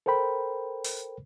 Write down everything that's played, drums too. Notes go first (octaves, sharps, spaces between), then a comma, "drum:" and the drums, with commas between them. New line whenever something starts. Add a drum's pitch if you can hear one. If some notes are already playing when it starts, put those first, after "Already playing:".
A4 A#4 C5 G5 B5
drum: open hi-hat